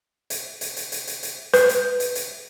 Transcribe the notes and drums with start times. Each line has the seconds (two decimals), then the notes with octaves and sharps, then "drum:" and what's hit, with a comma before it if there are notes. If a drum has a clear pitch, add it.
0.30 drum: hi-hat
0.61 drum: hi-hat
0.76 drum: hi-hat
0.92 drum: hi-hat
1.07 drum: hi-hat
1.23 drum: hi-hat
1.54 B4, drum: hi-hat
1.69 drum: hi-hat
2.00 drum: hi-hat
2.15 drum: hi-hat